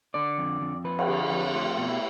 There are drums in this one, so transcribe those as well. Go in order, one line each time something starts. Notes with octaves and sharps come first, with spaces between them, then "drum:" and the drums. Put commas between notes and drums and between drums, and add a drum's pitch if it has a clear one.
D3 D5
F2
F2
F3 B4
drum: cymbal
D3
F2
A3 F4
B2
E4